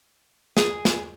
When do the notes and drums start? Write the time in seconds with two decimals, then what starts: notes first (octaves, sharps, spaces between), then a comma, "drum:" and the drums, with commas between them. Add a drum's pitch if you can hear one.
0.57 G#4, drum: snare
0.85 drum: snare